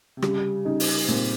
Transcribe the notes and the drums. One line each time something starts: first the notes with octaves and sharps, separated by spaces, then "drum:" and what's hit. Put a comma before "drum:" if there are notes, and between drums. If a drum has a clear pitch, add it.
C3
C#3 G3, drum: rim click
C#3 D#4
drum: open hi-hat
A#2 C4